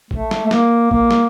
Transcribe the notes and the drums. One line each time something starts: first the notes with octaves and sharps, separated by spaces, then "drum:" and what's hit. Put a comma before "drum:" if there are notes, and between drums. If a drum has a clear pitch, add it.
A3, drum: kick A#1
drum: snare
A3
A#3, drum: snare
A#3, drum: kick A#1
drum: snare